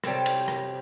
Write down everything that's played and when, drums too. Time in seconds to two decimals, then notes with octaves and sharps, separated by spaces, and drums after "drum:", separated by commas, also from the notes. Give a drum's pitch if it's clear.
0.04 C3 G3 C4 A4 C#5 A5, drum: rim click
0.26 drum: cymbal
0.48 drum: rim click